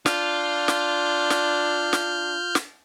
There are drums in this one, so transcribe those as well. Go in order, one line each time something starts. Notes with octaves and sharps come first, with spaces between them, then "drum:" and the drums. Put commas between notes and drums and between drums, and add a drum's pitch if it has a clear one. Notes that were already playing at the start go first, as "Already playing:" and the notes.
D4 F4 F6 G6, drum: snare
drum: snare
drum: snare
drum: snare
drum: snare